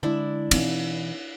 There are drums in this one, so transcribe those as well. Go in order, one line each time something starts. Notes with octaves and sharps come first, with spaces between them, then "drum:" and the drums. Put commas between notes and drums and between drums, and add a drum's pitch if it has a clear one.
D3 G#3 D4 E4
B2 E3 C4 D#4, drum: cymbal